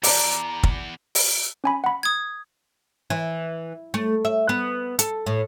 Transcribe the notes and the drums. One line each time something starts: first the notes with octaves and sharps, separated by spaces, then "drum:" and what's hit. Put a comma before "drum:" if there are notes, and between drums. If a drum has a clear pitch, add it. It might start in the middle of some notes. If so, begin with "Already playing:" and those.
E2 D5 A5 A#5 D6, drum: open hi-hat
drum: kick
drum: open hi-hat
C#4 G#5 B5
F#5 B5
D#6 G#6
E3
A3
E5
B3
A4, drum: hi-hat
A2